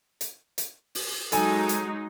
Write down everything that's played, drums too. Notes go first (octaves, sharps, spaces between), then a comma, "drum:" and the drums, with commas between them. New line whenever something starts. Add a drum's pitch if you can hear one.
drum: hi-hat
drum: hi-hat
drum: open hi-hat
F#3 G#3 D#4 A4 G#5, drum: hi-hat
drum: hi-hat